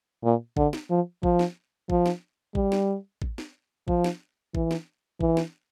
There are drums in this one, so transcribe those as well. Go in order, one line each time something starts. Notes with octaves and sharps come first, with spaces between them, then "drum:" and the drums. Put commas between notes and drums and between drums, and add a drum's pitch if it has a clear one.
A#2
D3, drum: kick A1
drum: snare
F3
F3, drum: kick A1
drum: snare
F3, drum: kick A1
drum: snare
G3, drum: kick A1
drum: snare
drum: kick A1
drum: snare
F3, drum: kick A1
drum: snare
E3, drum: kick A1
drum: snare
E3, drum: kick A1
drum: snare